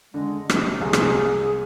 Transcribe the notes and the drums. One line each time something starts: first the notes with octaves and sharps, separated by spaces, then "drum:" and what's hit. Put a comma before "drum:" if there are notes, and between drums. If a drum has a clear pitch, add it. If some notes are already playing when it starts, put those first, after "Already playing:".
D3 G#3
C3, drum: rim click
C2 G#4
drum: rim click